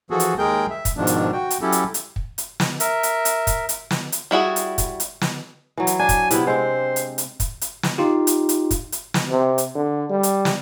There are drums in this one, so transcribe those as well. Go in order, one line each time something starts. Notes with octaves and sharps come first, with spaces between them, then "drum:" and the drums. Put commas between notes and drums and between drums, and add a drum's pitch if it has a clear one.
E3 F3 F#4 G#4 A4
drum: hi-hat
D#2 G#3 G#4 A#4 G5 G6
E5
drum: kick, hi-hat
G#2 B2 D#3 F3 D4
drum: hi-hat
F#4 G5
drum: hi-hat
F#3 C#4 E4 G4 A4
drum: hi-hat
drum: hi-hat
drum: kick
drum: hi-hat
drum: snare
A#4 E5, drum: hi-hat
drum: hi-hat
drum: hi-hat
drum: kick, hi-hat
drum: hi-hat
drum: snare
drum: hi-hat
G3 E4 F#4 G#4
drum: hi-hat
drum: kick, hi-hat
drum: hi-hat
drum: snare
E3 F#3
drum: hi-hat
D4 G#5
drum: kick, hi-hat
C3 B3 E4, drum: hi-hat
G#3 C4 C5
drum: hi-hat
drum: hi-hat
drum: kick, hi-hat
drum: hi-hat
drum: snare
D#4 F4 G4
drum: hi-hat
drum: hi-hat
drum: kick, hi-hat
drum: hi-hat
drum: snare
C3
drum: hi-hat
D3
G3
drum: hi-hat
drum: snare